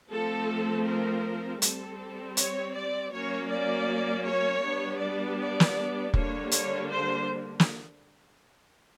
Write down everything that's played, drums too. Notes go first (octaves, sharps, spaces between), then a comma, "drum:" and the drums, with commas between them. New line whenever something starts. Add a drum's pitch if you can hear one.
F3 A3 C4 A4
A#4
G3 C4 A4, drum: hi-hat
C#5, drum: hi-hat
D5
F#3 A#3 C#4 C#5
D5
C#5
G3 B3 D4
D5
D5
drum: snare
D3 G3 A#3 D4 C#5, drum: kick
C#5, drum: hi-hat
C5
drum: snare